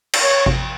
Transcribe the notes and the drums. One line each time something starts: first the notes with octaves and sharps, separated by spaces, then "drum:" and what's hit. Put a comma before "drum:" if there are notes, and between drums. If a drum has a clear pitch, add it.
drum: cymbal
C#5
drum: kick G#1